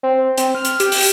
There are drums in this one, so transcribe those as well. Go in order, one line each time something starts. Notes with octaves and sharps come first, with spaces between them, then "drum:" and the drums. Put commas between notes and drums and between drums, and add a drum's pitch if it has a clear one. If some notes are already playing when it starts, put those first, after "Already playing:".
C4
C4, drum: hi-hat
F6
drum: hi-hat
G4, drum: hi-hat
drum: open hi-hat